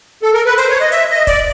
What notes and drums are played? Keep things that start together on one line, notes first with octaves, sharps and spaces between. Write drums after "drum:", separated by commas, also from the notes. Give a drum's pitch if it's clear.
A4
A#4
B4
C5, drum: hi-hat
C#5
D#5
E5, drum: hi-hat
D#5
D5, drum: kick D1, hi-hat